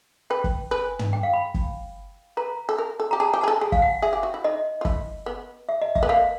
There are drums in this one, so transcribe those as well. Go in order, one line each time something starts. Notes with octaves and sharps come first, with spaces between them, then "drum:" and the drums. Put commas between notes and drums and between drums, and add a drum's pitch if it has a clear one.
B4 G5
drum: kick
B4 G#5
drum: tom
G5
F5
B5
drum: kick
B4 A#5
A4
A#4
A4
G4 A#5
G#4 A5
G4
G#4 A5
A4
G#4 G#5
F5, drum: kick
F#5
G#4 E5
G4
F#4
E4
D#4 D#5
F4
E4, drum: kick
B3
E5
D#5
E5, drum: kick
B3
A#3 F5